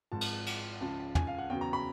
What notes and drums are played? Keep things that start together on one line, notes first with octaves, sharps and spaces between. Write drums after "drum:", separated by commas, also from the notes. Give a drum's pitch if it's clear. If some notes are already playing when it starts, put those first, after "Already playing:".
G#1 G#2 F3 A5
drum: cymbal
drum: cymbal
C#2 C#3 F3 A5
G#5, drum: tom
F5
F#5
E2 C#3 F#3 G5
A#5
B5